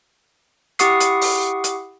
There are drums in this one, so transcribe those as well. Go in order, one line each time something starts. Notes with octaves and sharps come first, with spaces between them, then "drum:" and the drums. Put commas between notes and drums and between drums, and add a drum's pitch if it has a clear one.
E4 G4 F#5 C#6 D#6 C7, drum: hi-hat
drum: hi-hat
drum: open hi-hat
drum: hi-hat